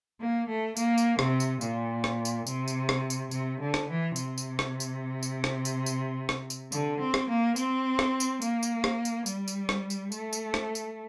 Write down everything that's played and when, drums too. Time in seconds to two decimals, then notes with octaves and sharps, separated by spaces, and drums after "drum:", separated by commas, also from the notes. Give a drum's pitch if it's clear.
0.20 A#3
0.48 A3
0.77 A#3, drum: tambourine
0.98 drum: tambourine
1.19 C3, drum: rim click
1.40 drum: tambourine
1.61 A#2, drum: tambourine
2.04 drum: rim click
2.25 drum: tambourine
2.47 C3, drum: tambourine
2.68 drum: tambourine
2.89 drum: rim click
3.10 drum: tambourine
3.31 C3, drum: tambourine
3.60 D3
3.74 drum: rim click
3.89 E3
4.16 C3, drum: tambourine
4.38 drum: tambourine
4.59 drum: rim click
4.80 drum: tambourine
5.23 drum: tambourine
5.44 drum: rim click
5.65 drum: tambourine
5.86 drum: tambourine
6.29 drum: rim click
6.50 drum: tambourine
6.72 D3, drum: tambourine
7.00 C4
7.14 drum: rim click
7.28 A#3
7.56 C4, drum: tambourine
7.99 drum: rim click
8.20 drum: tambourine
8.42 A#3, drum: tambourine
8.63 drum: tambourine
8.84 drum: rim click
9.05 drum: tambourine
9.26 G3, drum: tambourine
9.48 drum: tambourine
9.69 drum: rim click
9.90 drum: tambourine
10.12 A3, drum: tambourine
10.33 drum: tambourine
10.54 drum: rim click
10.75 drum: tambourine